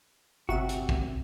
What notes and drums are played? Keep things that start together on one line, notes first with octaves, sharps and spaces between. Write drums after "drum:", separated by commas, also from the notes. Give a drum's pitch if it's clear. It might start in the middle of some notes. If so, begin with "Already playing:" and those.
G1 C3 F#4 E5
drum: hi-hat
drum: kick A#1